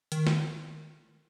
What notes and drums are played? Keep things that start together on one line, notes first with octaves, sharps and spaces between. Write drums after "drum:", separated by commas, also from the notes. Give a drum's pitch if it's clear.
D#3, drum: hi-hat
drum: snare